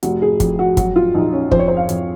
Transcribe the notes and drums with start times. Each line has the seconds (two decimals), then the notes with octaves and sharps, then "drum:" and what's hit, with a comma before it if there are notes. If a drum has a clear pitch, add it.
0.03 F1 F#4, drum: hi-hat
0.22 G#4
0.40 F2, drum: kick, hi-hat
0.59 F#4
0.77 F#3 F#4, drum: kick, hi-hat
0.96 F4
1.15 A#1 D#4
1.33 C#4
1.51 F2 C5, drum: kick
1.59 C#5
1.68 C5
1.77 F5
1.89 F2, drum: hi-hat